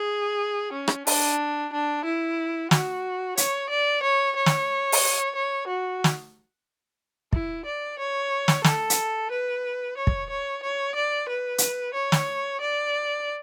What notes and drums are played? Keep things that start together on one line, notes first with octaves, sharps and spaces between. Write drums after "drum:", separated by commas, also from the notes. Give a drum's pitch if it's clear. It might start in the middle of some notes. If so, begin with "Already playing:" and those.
Already playing: G#4
C#4
drum: rim click
D4, drum: open hi-hat
D4
E4
F#4, drum: snare
C#5, drum: hi-hat
D5
C#5
C#5
drum: snare
drum: open hi-hat
C#5
F#4
drum: snare
E4, drum: kick
D5
C#5
drum: snare
A4, drum: snare
drum: hi-hat
B4
C#5
drum: kick
C#5
C#5
D5
B4
drum: hi-hat
C#5
drum: snare
D5